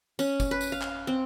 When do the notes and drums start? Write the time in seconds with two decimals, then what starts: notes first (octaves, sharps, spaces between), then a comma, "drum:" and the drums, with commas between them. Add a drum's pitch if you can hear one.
0.19 C#4, drum: tambourine
0.40 drum: kick, tambourine
0.51 B4
0.61 drum: tambourine
0.72 F5
0.82 drum: clap
1.07 C4